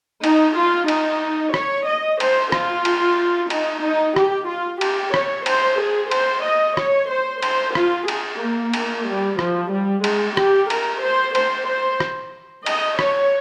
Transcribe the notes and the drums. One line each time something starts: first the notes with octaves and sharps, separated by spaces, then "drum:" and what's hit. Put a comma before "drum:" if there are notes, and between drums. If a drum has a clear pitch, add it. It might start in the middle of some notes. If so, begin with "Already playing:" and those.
D#4, drum: cymbal
F4
D#4, drum: cymbal
C#5, drum: rim click
D#5
C5, drum: cymbal
F4, drum: rim click
drum: cymbal
D#4, drum: cymbal
D#4
G4, drum: rim click
F4
G4, drum: cymbal
C#5, drum: rim click
C5, drum: cymbal
G#4
C5, drum: cymbal
D#5
C#5, drum: rim click
C5
C5, drum: cymbal
F4, drum: rim click
G#4, drum: cymbal
A#3
drum: cymbal
G3
F3, drum: rim click
G3
G#3, drum: cymbal
G4, drum: rim click
A#4, drum: cymbal
C5
C5, drum: cymbal
C5
drum: rim click
D#5, drum: cymbal
C#5, drum: rim click